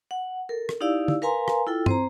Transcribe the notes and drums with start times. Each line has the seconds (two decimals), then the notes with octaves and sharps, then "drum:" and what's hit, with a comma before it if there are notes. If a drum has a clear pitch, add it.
0.11 F#5
0.49 A4 A#4
0.69 drum: rim click
0.81 D#4 E4 G4 D5 F5 E6
1.08 drum: tom
1.22 A#4 B4 F5 G#5 A#5 C6
1.48 drum: rim click
1.67 E4 F4 A4 G5
1.86 C4 C5 A#5, drum: tom